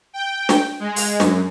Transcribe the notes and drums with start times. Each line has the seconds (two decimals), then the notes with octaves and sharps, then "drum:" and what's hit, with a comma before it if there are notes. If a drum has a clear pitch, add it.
0.13 G5
0.49 drum: snare
0.80 G#3
0.96 drum: open hi-hat
1.20 F#2, drum: snare